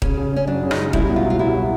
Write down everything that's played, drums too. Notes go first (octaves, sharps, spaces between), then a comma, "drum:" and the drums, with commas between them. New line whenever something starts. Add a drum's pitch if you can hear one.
C#3 C#4, drum: kick D#1
C#3
C#3 C#4
F#2 D4
C#3
D#4, drum: rim click
G#3
C2 E4, drum: kick D#1
B2
F4
F#3
F4
C2 E4
F#3